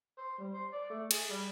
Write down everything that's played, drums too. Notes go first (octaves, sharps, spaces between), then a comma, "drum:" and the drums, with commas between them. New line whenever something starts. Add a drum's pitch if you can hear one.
C5
G3
C5
D5
A3
G#4, drum: cymbal
G3